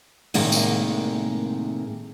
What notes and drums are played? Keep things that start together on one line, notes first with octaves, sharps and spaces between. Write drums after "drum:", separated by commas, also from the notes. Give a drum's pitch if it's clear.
A2 C3 D#3 G#3 A#3, drum: open hi-hat
drum: tambourine